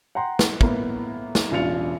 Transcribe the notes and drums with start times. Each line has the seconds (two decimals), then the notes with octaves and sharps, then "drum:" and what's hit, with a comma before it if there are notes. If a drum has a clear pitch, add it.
0.15 F#5 G5 A#5 C6
0.39 drum: snare
0.61 A2 A#3 B3, drum: kick
1.35 drum: snare
1.51 E1 A1 D4 F4 C#7 F7